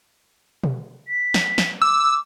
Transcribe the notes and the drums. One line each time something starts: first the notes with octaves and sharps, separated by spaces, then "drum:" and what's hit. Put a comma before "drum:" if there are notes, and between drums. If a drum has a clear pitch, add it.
drum: tom B2
B6
drum: snare
drum: snare
D6 E6